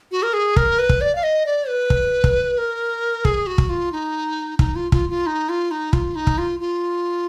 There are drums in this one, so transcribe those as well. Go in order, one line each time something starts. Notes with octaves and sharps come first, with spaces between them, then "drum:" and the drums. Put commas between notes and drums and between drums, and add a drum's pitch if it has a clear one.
F#4
A#4
G#4
A#4, drum: kick
B4
drum: kick
D5
F5
D#5
D5
B4
drum: kick
drum: kick
A#4
G#4, drum: kick
F#4
drum: kick
F4
D#4
D#4, drum: kick
F4
F4, drum: kick
F4
D#4
F4
D#4
F4, drum: kick
D#4
drum: kick
F4
F4